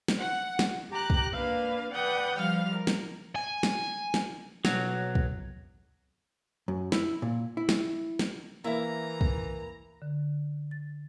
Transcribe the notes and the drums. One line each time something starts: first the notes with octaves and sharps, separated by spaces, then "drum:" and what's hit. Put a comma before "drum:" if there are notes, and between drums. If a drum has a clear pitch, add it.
drum: snare
F#5
drum: snare
G4 A#5 D6 F#6
drum: kick
A#3 D4 B4 F5
B4 D5 F#5 G5 D#6 G6
F3 G3 F5 F6
A#4
drum: snare
G#5
drum: snare
drum: snare
B1 F#3, drum: snare
drum: kick
F#2
E4, drum: snare
A#2
E4
drum: snare
drum: snare
E3 A#3 E4 E5 A#5
drum: kick
D3
A6